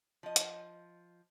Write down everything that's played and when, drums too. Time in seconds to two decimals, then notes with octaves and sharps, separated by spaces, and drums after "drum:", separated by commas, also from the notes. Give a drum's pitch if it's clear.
0.23 F3 D#5
0.36 drum: hi-hat